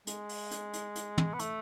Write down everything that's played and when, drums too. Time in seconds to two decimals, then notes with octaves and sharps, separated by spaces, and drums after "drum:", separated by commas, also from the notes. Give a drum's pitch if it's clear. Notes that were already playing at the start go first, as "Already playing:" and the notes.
0.07 G#3, drum: hi-hat
0.29 drum: open hi-hat
0.51 drum: hi-hat
0.73 drum: hi-hat
0.96 drum: hi-hat
1.18 drum: tom
1.34 B3
1.39 A3, drum: hi-hat